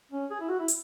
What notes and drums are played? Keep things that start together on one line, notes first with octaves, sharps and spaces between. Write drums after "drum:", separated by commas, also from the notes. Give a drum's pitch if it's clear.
C#4
G#4
E4
F#4
E4
drum: hi-hat